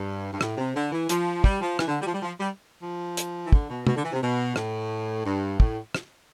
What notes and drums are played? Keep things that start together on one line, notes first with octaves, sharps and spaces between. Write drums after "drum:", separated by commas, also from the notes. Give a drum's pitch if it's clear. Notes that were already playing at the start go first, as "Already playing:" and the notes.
Already playing: G2
G2
A2, drum: rim click
C3
D3
E3
F3, drum: hi-hat
G3, drum: kick
F3
E3, drum: rim click
D3
G3
F3
G3
F3
G3
F3
drum: hi-hat
E3
D3, drum: kick
B2
B2, drum: tom
D3
E3
C3
B2
A2, drum: rim click
G2
A2, drum: kick
drum: rim click